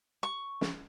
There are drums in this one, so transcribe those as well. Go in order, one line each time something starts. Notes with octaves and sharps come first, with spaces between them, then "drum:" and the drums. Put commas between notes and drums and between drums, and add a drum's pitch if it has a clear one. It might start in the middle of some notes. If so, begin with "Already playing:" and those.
C#6
drum: snare